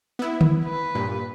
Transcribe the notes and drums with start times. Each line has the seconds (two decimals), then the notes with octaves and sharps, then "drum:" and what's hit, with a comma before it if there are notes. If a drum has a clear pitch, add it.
0.19 B3 E4
0.41 drum: tom D3
0.65 B4
0.95 G2 A#2